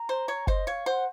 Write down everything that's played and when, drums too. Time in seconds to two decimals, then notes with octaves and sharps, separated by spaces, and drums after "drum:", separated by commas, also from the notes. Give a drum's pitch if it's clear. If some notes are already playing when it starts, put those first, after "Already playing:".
Already playing: A#5
0.09 C5
0.28 C#5
0.47 C5 D#5, drum: kick F#1
0.67 C#5 F5
0.86 C5 F#5